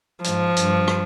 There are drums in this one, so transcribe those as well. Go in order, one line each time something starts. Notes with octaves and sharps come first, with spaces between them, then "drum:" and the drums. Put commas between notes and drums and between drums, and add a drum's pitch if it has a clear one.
G#2 F3, drum: hi-hat
G2, drum: hi-hat
drum: rim click